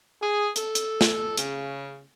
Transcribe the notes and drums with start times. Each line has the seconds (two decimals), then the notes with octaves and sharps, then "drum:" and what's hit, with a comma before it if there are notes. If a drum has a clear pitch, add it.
0.22 G#4
0.56 A4, drum: hi-hat
0.75 drum: hi-hat
1.01 drum: snare
1.37 C#3, drum: hi-hat